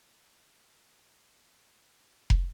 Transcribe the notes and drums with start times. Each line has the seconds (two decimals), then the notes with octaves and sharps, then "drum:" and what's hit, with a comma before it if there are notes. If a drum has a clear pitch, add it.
0.20 C#4 F4 G4 A4 C5 C#5
1.29 G2 B4
1.87 A#3 C4 F#4 G#4 B4 D5
2.30 drum: kick F1